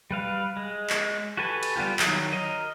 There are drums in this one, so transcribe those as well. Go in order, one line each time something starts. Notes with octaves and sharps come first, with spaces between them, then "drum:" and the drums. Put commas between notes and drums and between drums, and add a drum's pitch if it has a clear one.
G3 B4 F5
G#3
drum: clap
F#4 G4 A4 B4 G#5
drum: cymbal
G3 B3 F4 G4
D#3 F#3, drum: clap
A#4 D#5